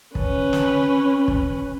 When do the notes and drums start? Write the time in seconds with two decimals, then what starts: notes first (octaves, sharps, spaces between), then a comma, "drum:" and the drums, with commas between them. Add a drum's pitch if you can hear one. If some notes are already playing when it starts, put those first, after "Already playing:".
0.15 C#4 B4, drum: kick
0.53 drum: snare
1.28 drum: kick